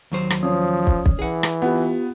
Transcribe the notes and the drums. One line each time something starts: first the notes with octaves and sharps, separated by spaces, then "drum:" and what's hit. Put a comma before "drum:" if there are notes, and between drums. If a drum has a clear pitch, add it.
D#2 F#3 C5
drum: rim click
F3 C#4 D5 D#6
drum: kick
drum: kick
E3 G#4 F#5
drum: rim click
B3 F4 G4